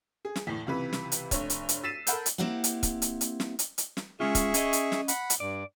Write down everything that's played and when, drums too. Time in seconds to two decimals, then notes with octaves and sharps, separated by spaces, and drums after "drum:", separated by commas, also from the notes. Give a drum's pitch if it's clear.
0.25 G#4
0.36 drum: snare
0.47 E2 A2
0.66 C#2 C3 E3 B4
0.93 drum: snare
1.12 drum: hi-hat
1.31 F1 G2 C#5, drum: kick, hi-hat
1.50 drum: hi-hat
1.69 drum: hi-hat
1.83 E6 A6 B6 C7 D#7 E7
2.07 A4 A#4 F#5 B5 G6, drum: hi-hat
2.26 drum: hi-hat
2.38 A#3 C4 E4 G4 F5 F#5
2.64 drum: hi-hat
2.83 drum: kick, hi-hat
3.02 drum: hi-hat
3.21 drum: hi-hat
3.40 drum: snare
3.59 drum: hi-hat
3.78 drum: hi-hat
3.97 drum: snare
4.20 G#3 C#4 F4 G#4 E5 C#6
4.35 drum: kick, hi-hat
4.54 C#4 D#5, drum: hi-hat
4.73 drum: hi-hat
4.92 drum: snare
5.08 F#5 B5, drum: hi-hat
5.30 drum: hi-hat
5.40 G2 D5